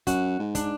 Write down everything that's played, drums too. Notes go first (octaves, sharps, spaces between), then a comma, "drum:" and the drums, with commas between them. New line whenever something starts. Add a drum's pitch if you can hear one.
F#2 F#4, drum: kick, hi-hat
G#2
D4, drum: kick, hi-hat